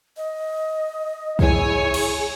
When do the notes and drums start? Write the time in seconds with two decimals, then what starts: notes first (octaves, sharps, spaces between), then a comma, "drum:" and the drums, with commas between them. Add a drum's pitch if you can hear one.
0.17 D#5
1.39 E4 G#4 C#5 G#5, drum: kick
1.94 drum: cymbal